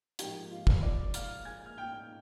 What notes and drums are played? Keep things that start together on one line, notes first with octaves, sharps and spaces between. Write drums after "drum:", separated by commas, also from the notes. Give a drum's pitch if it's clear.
G#2 F3 A#3 D#4 G4 G5, drum: hi-hat
F4 F5
drum: kick
D5 D6
F5 F6, drum: hi-hat
G#5 G#6
F6
G5 G6